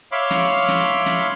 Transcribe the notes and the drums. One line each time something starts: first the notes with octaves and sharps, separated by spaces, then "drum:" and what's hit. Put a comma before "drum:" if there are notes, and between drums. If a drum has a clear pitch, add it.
C#5 E5 F5 B5 C6 D6
drum: snare
drum: snare
drum: snare